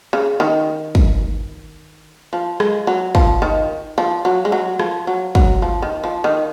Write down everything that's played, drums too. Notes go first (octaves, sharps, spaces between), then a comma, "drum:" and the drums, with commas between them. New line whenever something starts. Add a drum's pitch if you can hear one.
C#3
D#3
drum: kick
F3
G#3, drum: rim click
F#3
F3, drum: kick
D#3
F3
F#3
G#3
F#3
F3, drum: rim click
F#3
F#3, drum: kick
F3
D#3
F3
D#3